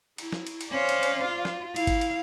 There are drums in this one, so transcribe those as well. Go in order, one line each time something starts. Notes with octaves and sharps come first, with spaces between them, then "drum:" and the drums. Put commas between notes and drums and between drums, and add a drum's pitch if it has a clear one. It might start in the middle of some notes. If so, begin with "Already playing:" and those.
E4, drum: cymbal
drum: snare
drum: cymbal
drum: cymbal
C#4 C5 D5 F5
drum: cymbal
drum: cymbal
F4
drum: snare
E4 F5, drum: cymbal
drum: kick G#1, cymbal
drum: cymbal